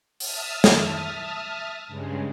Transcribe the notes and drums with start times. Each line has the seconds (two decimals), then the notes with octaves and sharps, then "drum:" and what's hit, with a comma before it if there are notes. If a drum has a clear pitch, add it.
0.20 E5 A5 D#6 F6, drum: open hi-hat
0.64 drum: snare
1.88 G2 C#3 G#3